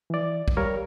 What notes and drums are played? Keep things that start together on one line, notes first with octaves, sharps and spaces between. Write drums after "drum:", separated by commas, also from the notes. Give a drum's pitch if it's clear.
E3 D5
drum: kick
G3 A#4 C#5 F5